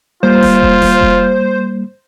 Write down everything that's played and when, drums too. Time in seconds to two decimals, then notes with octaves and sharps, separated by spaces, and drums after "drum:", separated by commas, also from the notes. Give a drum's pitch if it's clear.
0.23 G3 A#3 F4 C5
0.43 drum: snare D#1
0.62 drum: kick F1
0.82 drum: snare D#1
1.01 drum: kick F1